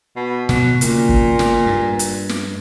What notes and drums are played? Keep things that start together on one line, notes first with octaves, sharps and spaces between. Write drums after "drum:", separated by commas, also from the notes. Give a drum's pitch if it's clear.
B2
B2 F#3, drum: snare
A#2 C#3 A#3, drum: hi-hat
drum: kick
drum: snare
G2
drum: hi-hat
drum: snare